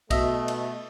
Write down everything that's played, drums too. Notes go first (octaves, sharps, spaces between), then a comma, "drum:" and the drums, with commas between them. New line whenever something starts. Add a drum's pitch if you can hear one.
B2 A3 D#5 E5, drum: kick, cymbal
drum: cymbal